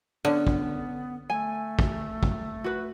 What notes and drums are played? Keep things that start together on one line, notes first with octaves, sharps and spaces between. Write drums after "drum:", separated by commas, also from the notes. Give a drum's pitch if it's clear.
D3 B3 C#4
drum: kick
A3 G#5
drum: kick
drum: kick
F#4 B4